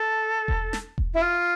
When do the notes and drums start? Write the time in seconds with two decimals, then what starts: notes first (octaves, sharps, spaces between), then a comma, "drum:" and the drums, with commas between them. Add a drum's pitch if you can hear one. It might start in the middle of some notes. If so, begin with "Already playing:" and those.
Already playing: A4
0.48 drum: kick E1
0.73 drum: snare
0.98 drum: kick E1
1.14 E4
1.22 F4